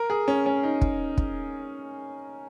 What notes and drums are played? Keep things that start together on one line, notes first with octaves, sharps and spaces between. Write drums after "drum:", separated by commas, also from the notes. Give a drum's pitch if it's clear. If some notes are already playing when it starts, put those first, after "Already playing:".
Already playing: A#4
G#4
C#4
C#4
D#4
drum: kick
drum: kick